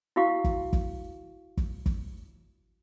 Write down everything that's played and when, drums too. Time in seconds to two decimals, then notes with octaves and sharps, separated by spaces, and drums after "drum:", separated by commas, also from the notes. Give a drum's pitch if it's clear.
0.16 E4 F#4 F5 F#5 C#6
0.44 drum: kick
0.73 drum: kick
1.57 drum: kick
1.86 drum: kick